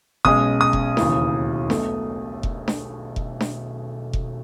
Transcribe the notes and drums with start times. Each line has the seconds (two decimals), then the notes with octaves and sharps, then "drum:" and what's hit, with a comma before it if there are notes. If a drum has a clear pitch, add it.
0.25 B1 B2 G#3 C#4 D#6, drum: kick F1
0.61 D#6
0.73 drum: kick F1
0.97 E1 D#2 C#3 E3, drum: snare D4
1.70 B1 B2 A3, drum: snare D4
2.43 drum: kick F1
2.68 drum: snare D4
3.16 drum: kick F1
3.40 drum: snare D4
4.13 drum: kick F1